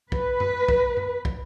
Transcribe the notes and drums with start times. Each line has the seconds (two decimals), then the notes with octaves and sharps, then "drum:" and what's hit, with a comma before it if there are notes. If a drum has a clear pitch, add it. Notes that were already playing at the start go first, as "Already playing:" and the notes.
0.12 B4, drum: kick
0.40 drum: tom F#2
0.69 drum: kick
0.97 drum: tom F#2
1.25 drum: kick